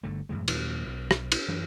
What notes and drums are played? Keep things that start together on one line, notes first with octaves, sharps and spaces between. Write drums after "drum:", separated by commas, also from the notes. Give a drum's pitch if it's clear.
G1 D3 A3
F#2 A2 E3 G#3
D#2 A#2 F#3, drum: cymbal
B1
drum: rim click
drum: cymbal
F#2 E3 F#3 D4